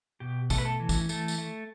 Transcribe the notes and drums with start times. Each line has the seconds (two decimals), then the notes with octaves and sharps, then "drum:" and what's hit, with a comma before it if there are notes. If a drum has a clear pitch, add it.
0.20 B2 G4
0.50 A3 A4, drum: kick, tambourine
0.58 B4
0.65 A4
0.80 E3
0.89 drum: kick, tambourine
1.09 A3 A4, drum: tambourine
1.28 drum: tambourine
1.38 A3